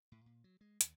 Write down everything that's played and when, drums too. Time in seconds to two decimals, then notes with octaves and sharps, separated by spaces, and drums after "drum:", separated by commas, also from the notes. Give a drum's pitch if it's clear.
0.12 A2
0.26 A#2
0.44 F#3
0.61 G#3
0.81 D#2, drum: hi-hat